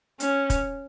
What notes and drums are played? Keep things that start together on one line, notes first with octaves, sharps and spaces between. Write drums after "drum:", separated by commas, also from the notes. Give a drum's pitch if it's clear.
C#4, drum: hi-hat
drum: kick, hi-hat